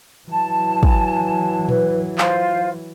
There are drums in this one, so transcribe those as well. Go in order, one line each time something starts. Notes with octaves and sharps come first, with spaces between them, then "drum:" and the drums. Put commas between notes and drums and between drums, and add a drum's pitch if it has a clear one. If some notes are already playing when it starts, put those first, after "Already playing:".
E3 F#3 A5
G#5, drum: kick
B4, drum: tom A#2
F4 C5 F5, drum: clap